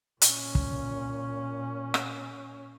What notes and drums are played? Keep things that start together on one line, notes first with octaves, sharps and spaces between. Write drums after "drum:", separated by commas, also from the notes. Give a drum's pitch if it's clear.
A#2 C#4, drum: hi-hat
drum: kick
drum: rim click